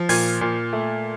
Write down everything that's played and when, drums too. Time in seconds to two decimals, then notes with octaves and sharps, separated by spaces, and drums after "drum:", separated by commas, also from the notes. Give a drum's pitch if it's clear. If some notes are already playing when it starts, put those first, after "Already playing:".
Already playing: F3
0.09 A#2 G#6, drum: open hi-hat
0.41 A#2
0.73 A3